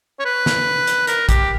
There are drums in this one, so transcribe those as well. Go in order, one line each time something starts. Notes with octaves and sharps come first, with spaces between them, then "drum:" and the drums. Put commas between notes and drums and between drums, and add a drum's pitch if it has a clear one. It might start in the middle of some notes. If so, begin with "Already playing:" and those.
C#5
B4
drum: snare
drum: hi-hat
A#4, drum: hi-hat
G4, drum: kick A#1, hi-hat